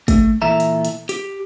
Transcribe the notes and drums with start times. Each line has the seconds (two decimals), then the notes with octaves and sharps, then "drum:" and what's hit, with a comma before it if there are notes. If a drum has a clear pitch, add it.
0.08 A3, drum: kick, hi-hat
0.42 A#2 E3 A4 E5 A#5
0.60 drum: hi-hat
0.85 drum: hi-hat
1.09 G4, drum: hi-hat